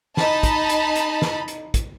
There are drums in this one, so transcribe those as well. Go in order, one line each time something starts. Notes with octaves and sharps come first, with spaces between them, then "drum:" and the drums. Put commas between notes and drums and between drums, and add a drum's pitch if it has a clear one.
D#4 A5 B5, drum: snare
drum: kick, hi-hat
drum: hi-hat
drum: hi-hat
drum: snare
drum: hi-hat
drum: kick, hi-hat